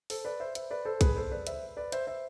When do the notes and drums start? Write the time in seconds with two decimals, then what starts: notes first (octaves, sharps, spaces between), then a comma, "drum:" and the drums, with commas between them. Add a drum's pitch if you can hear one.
0.10 A4 C5, drum: open hi-hat
0.25 B4 D5
0.40 C5 E5
0.55 C5 E5, drum: hi-hat
0.71 B4 D5
0.85 A4 C5
1.01 G#4 B4, drum: kick B1, hi-hat
1.17 A4 C5
1.31 B4 D5
1.47 C5 E5, drum: hi-hat
1.77 B4 D5
1.92 C5 E5, drum: hi-hat
2.07 C5 E5